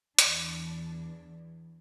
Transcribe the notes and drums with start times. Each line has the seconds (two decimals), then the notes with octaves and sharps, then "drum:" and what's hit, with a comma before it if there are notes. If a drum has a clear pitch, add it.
0.19 E2 E3 D4, drum: hi-hat